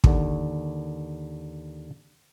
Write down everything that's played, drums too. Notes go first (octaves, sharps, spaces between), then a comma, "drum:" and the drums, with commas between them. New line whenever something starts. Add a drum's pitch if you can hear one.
D#2 D3, drum: kick